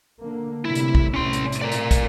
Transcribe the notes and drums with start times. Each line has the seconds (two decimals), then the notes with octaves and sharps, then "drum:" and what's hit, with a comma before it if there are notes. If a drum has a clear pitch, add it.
0.20 D3 A#3
0.65 A2 C3 G3 E4
0.75 drum: hi-hat
0.95 drum: kick
1.14 A2 C3 C#4 C6
1.33 drum: hi-hat
1.52 drum: hi-hat
1.62 A#4 D5
1.72 drum: hi-hat
1.91 drum: kick, hi-hat